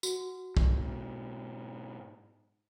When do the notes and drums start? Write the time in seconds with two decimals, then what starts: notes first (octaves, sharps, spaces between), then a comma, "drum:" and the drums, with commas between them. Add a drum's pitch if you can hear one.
0.03 F#4, drum: tambourine
0.57 G#2 B2, drum: kick